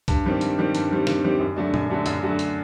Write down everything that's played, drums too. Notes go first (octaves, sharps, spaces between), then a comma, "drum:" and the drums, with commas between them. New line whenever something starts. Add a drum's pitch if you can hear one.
G2, drum: kick B1, hi-hat
D#3 G3 C4 G4
G2, drum: hi-hat
D#3 G3 C4 G4
G2, drum: hi-hat
D#3 G3 C4 G4
G2, drum: snare
D#3 G3 C4 G4
F#2
D3 F#3 A3 D4
F#2, drum: tom
D3 F#3 A3 D4
F#2, drum: hi-hat
D3 F#3 A3 D4
drum: hi-hat